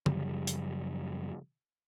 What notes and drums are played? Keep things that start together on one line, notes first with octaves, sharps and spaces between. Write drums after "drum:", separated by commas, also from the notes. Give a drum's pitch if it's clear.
F#2 C#3 F3 G3, drum: tom D3
drum: hi-hat